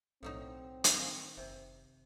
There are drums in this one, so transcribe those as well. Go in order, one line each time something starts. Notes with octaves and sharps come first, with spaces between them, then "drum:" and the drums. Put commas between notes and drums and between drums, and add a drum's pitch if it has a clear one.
B1 A2 F#3 C4 D#4
D#3, drum: hi-hat
F#1 C3